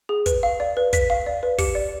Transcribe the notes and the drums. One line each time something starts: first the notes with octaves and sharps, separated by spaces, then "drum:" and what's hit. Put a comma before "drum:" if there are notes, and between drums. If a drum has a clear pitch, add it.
G#4
B4, drum: kick, hi-hat
F5
D5
B4
B4 B6, drum: kick, hi-hat
F5
D5
B4
G4 C#7, drum: kick, open hi-hat
D5